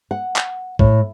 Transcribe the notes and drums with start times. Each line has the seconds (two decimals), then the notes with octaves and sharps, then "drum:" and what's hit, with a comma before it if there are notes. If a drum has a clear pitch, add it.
0.11 F#5
0.36 drum: clap
0.79 A2, drum: kick A#1